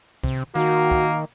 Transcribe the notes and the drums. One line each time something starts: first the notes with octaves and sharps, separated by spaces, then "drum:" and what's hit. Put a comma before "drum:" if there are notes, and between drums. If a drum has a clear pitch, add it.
C3, drum: kick
D#3 A#3 F#4
drum: kick